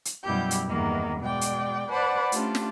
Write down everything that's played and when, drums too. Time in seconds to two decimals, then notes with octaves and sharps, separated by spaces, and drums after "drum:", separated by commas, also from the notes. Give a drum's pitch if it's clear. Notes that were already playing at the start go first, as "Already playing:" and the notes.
0.05 drum: hi-hat
0.23 F#2 B2 G3 E4 G4 G6
0.51 drum: hi-hat
0.68 E2 G2 D#3 E3 A#3 D#4
1.20 B2 G#3 D5 G5
1.41 drum: hi-hat
1.90 B4 C5 D5 F#5 A5 B5
2.32 A3 C#4 D4 F4 G4, drum: hi-hat
2.55 drum: snare